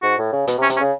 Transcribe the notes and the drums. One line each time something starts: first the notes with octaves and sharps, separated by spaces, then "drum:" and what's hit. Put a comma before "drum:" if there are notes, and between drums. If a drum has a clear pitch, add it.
G#2 F#4
A2
C#3
B2, drum: hi-hat
C3
C#4
C3, drum: hi-hat
C#4
C#3